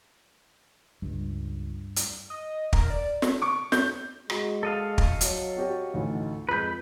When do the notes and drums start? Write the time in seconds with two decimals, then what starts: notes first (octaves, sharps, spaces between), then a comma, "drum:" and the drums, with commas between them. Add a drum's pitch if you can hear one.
1.02 C#2 G2
1.96 drum: hi-hat
2.30 D#5
2.73 A#4, drum: kick
2.90 D5
3.22 drum: snare
3.42 C#6 D6
3.72 G6, drum: snare
4.30 G#3 F#4, drum: rim click
4.63 A4 D#5 F5
4.98 drum: kick
5.21 F#3, drum: hi-hat
5.57 F#4 G4 C#5
5.94 A1 D2 D#4
6.49 F2 G#3 B4 G6 B6